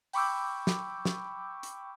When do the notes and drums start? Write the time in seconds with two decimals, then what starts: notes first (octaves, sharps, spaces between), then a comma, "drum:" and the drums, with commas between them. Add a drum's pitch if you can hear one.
0.13 G5 B5 C#6 D6 E6 G6, drum: open hi-hat
0.67 drum: snare
1.05 drum: snare
1.63 drum: hi-hat